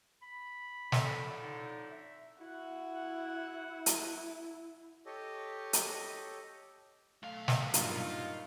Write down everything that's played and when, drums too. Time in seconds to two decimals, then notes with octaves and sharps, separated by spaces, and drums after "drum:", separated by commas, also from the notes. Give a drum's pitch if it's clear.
0.22 B5
0.92 F2 A2 D3, drum: snare
1.43 D#4
1.91 E5
2.41 E4 F#4 F#5
3.86 drum: hi-hat
5.06 G4 A4 C#5 D#5
5.73 drum: hi-hat
7.23 B1 A3 F5
7.48 drum: snare
7.74 G2 A#2 D#4 F4, drum: hi-hat